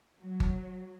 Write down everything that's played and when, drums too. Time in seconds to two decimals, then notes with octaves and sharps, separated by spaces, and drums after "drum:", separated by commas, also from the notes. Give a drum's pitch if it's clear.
0.19 F#3
0.40 drum: kick G1